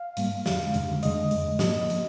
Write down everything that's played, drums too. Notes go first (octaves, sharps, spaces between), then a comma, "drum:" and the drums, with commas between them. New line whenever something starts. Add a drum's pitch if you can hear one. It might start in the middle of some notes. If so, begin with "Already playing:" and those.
Already playing: F5
G#2 G3 A#3, drum: hi-hat
F2 D3 G#3 F5, drum: snare
F2 D3 G#3, drum: hi-hat
F2 D3 G#3 D#5, drum: hi-hat
F2 D3 G#3, drum: hi-hat
G#2 F3 A#3 D#5, drum: snare
F3 A#3, drum: hi-hat